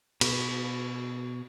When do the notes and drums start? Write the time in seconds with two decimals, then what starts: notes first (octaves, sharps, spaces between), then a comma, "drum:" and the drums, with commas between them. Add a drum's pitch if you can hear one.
0.21 B2, drum: cymbal